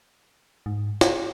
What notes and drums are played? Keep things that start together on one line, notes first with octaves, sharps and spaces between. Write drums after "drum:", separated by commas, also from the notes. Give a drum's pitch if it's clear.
G#2
drum: snare